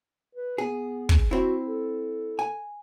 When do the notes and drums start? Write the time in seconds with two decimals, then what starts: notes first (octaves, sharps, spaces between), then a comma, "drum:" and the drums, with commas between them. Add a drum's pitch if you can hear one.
0.35 B4
0.58 B3 G#4
1.09 drum: kick
1.31 C4 E4 F#4
1.67 A4
2.39 G#5